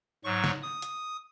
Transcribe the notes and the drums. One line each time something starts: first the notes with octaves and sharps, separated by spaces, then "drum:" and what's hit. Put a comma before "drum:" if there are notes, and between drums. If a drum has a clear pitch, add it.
G#2 F#3 C#6
drum: snare
D#6
drum: hi-hat